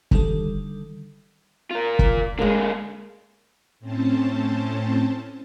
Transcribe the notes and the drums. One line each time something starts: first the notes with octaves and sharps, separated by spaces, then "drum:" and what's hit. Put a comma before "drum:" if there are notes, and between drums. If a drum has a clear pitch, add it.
D3 D#3 G3 A4, drum: kick
F4 A#4
drum: kick
D3 G#3 A#3 G#4
A2 C4 C#4 C5 A5